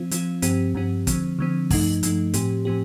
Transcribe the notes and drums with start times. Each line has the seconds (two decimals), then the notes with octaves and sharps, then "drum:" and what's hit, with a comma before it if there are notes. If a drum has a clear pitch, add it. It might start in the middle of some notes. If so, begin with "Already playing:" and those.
Already playing: F3 C4 F4
0.11 F3 C4 F4, drum: hi-hat
0.42 G2 F3 C4 G4, drum: hi-hat
0.75 G2 F3 C4 G4
1.07 D3 F3 C4, drum: kick, hi-hat
1.39 D3 F3 C4
1.70 G2 F3 A3 D#4, drum: kick, open hi-hat
2.03 G2 F3 A3 D#4, drum: hi-hat
2.34 A2 F3 C4 G4, drum: hi-hat
2.65 A2 F3 C4 G4